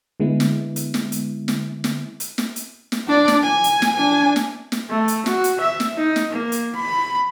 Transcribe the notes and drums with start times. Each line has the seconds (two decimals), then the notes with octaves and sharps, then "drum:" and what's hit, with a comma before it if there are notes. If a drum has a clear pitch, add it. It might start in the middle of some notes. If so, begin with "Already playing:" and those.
0.20 D3 G#3 B3 E4
0.40 drum: snare
0.76 drum: hi-hat
0.94 drum: snare
1.12 drum: hi-hat
1.48 drum: snare
1.84 drum: snare
2.20 drum: hi-hat
2.38 drum: snare
2.56 drum: hi-hat
2.92 drum: snare
3.07 D4 D5
3.28 drum: snare
3.43 G#5
3.64 drum: hi-hat
3.82 drum: snare
3.97 D4 G#5
4.36 drum: snare
4.72 drum: snare
4.90 A3
5.08 drum: hi-hat
5.26 F#4, drum: snare
5.44 drum: hi-hat
5.60 E5
5.80 drum: snare
5.97 D#4
6.16 drum: snare
6.31 A#3
6.52 drum: hi-hat
6.75 B5